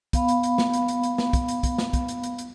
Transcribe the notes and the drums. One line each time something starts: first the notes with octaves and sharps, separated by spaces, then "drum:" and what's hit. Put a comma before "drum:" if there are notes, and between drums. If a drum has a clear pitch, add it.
B3 F5 B5, drum: kick, hi-hat
drum: hi-hat
drum: hi-hat
drum: snare
drum: hi-hat
drum: hi-hat
drum: hi-hat
drum: snare
drum: kick, hi-hat
drum: hi-hat
drum: kick, hi-hat
drum: snare
drum: kick, hi-hat
drum: hi-hat
drum: hi-hat
drum: hi-hat